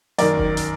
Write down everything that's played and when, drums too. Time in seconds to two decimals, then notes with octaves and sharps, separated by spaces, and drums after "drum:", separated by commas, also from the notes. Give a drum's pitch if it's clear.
0.18 F#2 D#3 A#4 D5, drum: hi-hat
0.38 drum: kick F#1
0.57 drum: hi-hat